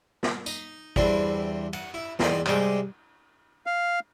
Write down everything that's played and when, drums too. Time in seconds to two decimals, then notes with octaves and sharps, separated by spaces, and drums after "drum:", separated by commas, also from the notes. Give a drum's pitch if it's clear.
0.23 drum: snare
0.46 D#4, drum: tambourine
0.96 E2 G3 C4 D4 E4, drum: kick
1.73 F#5, drum: cymbal
1.94 E4
2.19 E2 C4 D#4 D5, drum: snare
2.46 C3 G3 G#3 D6, drum: clap
3.66 F5